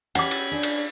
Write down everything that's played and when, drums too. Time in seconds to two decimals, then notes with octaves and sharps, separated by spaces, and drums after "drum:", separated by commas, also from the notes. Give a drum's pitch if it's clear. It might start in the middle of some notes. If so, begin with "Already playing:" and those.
0.15 C#4 F#4 G4 F#5 B5 D6 G#6, drum: cymbal
0.31 drum: cymbal
0.52 C#4 D4 G#4
0.63 drum: cymbal